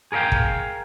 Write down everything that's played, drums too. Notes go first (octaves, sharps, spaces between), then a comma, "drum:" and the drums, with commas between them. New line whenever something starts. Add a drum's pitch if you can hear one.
G#4 A#4 D#5 F5 G5
drum: kick